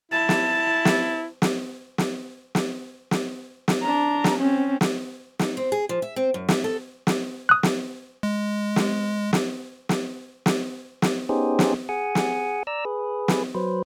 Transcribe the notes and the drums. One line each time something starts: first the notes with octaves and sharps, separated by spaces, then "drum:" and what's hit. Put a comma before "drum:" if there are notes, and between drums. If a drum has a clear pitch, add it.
E4 A5
drum: snare
drum: snare
drum: snare
drum: snare
drum: snare
drum: snare
drum: snare
D4 A#5
drum: snare
C4 C#4
drum: snare
D#4, drum: snare
C4
G#4
F3
E5
C4
F#2
E5, drum: snare
A4
drum: snare
D#6 F#6
drum: snare
G#3
drum: snare
drum: snare
drum: snare
drum: snare
drum: snare
B3 C#4 D#4 G4 G#4 C5
drum: snare
G#4 F#5 G#5
drum: snare
D5 A#5 E6
G#4 B4
drum: snare
F#3 B4 C5